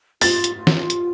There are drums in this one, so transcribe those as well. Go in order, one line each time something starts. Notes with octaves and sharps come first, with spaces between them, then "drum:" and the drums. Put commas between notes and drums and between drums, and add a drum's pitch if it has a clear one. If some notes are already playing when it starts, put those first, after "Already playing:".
F4 A6, drum: open hi-hat
drum: hi-hat
F4
drum: snare
drum: hi-hat